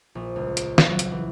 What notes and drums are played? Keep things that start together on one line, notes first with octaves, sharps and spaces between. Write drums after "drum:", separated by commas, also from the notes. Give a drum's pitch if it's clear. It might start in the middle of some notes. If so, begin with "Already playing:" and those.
A#1
C#2
drum: hi-hat
drum: snare
F#3
drum: hi-hat
E3